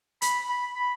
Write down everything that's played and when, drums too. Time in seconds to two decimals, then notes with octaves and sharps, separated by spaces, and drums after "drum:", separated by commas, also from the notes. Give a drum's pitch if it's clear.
0.22 B5, drum: hi-hat
0.48 B5
0.75 B5